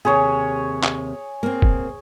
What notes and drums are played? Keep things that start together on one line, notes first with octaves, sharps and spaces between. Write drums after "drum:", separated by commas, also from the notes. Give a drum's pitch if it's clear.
D#2 C3 G#4 C#5
drum: clap
A#3 C4
drum: kick